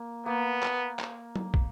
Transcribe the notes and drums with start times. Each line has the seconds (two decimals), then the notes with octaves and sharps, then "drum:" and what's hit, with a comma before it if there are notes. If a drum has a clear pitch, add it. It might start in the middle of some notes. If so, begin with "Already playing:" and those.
Already playing: A#3
0.26 A#3 B3
0.63 drum: clap
0.99 drum: clap
1.36 drum: tom F#3
1.54 drum: kick